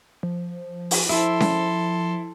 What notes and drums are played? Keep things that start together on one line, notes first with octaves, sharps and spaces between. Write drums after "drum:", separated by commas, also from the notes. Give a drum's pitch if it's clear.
F3
drum: open hi-hat
F3 E4 A4 C6
drum: snare C#4